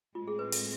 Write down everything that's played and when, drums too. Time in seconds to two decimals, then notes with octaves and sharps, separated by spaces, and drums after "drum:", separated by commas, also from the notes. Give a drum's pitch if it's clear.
0.15 A2 G#3 C4 F4
0.28 G#4
0.39 B4
0.52 A4, drum: open hi-hat